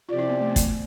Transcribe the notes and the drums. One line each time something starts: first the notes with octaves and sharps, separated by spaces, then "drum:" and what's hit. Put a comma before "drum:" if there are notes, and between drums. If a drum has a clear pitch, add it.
C3 F3 C4 F4 G4 D5
E4
B3
A3
B3
A3, drum: kick, hi-hat
B3